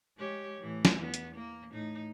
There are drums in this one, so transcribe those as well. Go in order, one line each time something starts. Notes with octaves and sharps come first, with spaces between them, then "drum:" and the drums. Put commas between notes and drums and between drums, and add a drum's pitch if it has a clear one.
G#3 G4 C#5
A2 E3
drum: snare
E2 B3
drum: hi-hat
A#3
A2 D#4